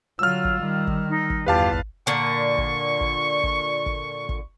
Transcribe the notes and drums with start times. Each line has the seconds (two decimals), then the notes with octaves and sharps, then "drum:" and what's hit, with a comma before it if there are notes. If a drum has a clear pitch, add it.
0.19 D3 F#3 F4 E6 F6
0.44 drum: kick
0.59 D#3 G3
0.87 drum: kick
1.09 D#4
1.30 drum: kick
1.46 G1 E2 F4 G4 B4 F5 A5
1.73 drum: kick
2.07 A#2 D3 C#6
2.58 drum: kick
3.01 drum: kick
3.43 drum: kick
3.86 drum: kick
4.29 drum: kick